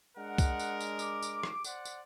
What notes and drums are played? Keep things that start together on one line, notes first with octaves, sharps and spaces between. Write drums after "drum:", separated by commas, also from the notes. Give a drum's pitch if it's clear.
G#3 D4 A#4 F#5
drum: kick C2, tambourine
drum: tambourine
drum: tambourine
D6, drum: tambourine
drum: tambourine
drum: rim click
C5 D5 F#5, drum: tambourine
drum: tambourine